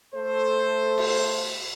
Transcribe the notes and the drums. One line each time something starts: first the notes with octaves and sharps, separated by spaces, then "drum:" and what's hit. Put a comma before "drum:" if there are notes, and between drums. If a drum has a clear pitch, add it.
A3 A4 C5
drum: cymbal